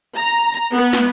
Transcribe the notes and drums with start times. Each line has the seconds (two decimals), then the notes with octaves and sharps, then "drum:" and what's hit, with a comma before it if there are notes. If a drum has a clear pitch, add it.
0.18 A#5
0.54 drum: hi-hat
0.74 B3
0.93 drum: snare